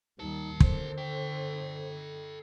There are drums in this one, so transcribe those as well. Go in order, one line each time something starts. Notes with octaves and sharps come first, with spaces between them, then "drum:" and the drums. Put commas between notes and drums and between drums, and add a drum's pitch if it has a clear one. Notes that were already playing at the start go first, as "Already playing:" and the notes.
D#2 G3 D#4 A#4 A5
D3 C5, drum: kick
A4 G5